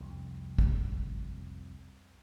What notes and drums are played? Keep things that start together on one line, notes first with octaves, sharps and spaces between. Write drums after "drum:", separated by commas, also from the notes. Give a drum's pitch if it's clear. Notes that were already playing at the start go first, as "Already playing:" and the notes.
C2 F2
drum: kick